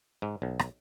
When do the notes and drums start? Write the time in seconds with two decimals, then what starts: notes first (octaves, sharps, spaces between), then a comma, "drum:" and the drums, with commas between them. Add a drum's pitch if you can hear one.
0.22 G#2
0.42 B1
0.59 drum: rim click